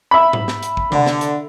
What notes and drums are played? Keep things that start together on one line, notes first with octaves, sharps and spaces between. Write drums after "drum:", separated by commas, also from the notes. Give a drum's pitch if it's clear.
E5 B5
drum: tom G#2
drum: snare
drum: hi-hat
drum: kick A1
D3, drum: tom C3
drum: snare
drum: hi-hat